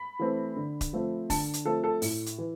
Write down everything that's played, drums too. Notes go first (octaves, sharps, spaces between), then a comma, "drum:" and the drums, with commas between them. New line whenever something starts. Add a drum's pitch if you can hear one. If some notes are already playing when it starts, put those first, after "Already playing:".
Already playing: B5
E3 A3 C4
D3
drum: kick D#1, hi-hat
F3 A3 C4
D3 A5, drum: kick D#1, open hi-hat
drum: hi-hat
F3 A3 C4 A4
A4
A2, drum: open hi-hat
drum: hi-hat
E3